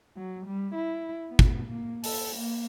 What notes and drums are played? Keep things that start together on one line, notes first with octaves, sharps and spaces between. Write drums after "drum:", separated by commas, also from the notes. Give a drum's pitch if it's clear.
F#3
G3
E4
B3
drum: kick
A#3
A4, drum: open hi-hat
A#3